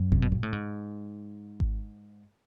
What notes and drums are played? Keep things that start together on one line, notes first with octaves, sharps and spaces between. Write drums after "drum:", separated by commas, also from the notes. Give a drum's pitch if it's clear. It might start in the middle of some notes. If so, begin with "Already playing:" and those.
Already playing: F#2
C3, drum: kick G#1
B2
A#2
A2
G#2
drum: kick G#1